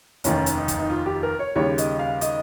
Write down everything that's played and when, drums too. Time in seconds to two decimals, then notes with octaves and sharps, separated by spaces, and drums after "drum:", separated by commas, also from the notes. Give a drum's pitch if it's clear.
0.24 F1 D#2 D#3 C#4, drum: hi-hat
0.46 drum: hi-hat
0.57 D#4
0.68 drum: kick, hi-hat
0.80 D#4
0.90 F4
1.06 G4
1.23 A#4
1.39 C#5
1.55 D#2 C#3 G3 C#5
1.78 D#5, drum: hi-hat
1.99 F5
2.21 D#5, drum: hi-hat